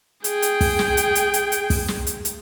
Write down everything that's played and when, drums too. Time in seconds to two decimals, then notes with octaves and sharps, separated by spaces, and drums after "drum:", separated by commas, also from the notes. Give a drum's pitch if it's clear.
0.24 G#4 G5, drum: hi-hat
0.42 drum: hi-hat
0.61 drum: kick, open hi-hat
0.79 drum: snare
0.97 drum: hi-hat
1.15 drum: hi-hat
1.34 drum: hi-hat
1.52 drum: hi-hat
1.70 drum: kick, open hi-hat
1.88 drum: snare
2.07 drum: hi-hat
2.25 drum: hi-hat